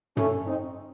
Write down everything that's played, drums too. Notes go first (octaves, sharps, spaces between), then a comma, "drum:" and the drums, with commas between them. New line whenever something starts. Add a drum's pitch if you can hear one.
A3 C#4, drum: tom
C4 D#4